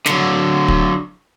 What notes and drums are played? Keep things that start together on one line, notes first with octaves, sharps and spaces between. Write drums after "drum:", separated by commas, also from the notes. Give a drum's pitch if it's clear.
D3 F#3, drum: snare
drum: kick